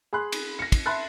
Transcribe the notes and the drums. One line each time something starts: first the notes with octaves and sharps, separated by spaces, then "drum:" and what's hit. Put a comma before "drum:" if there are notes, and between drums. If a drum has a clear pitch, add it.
G#4 B5 C6 F#6
drum: cymbal
A#6 C#7
drum: kick, cymbal
E5 A5 B5 C6 F#6 A6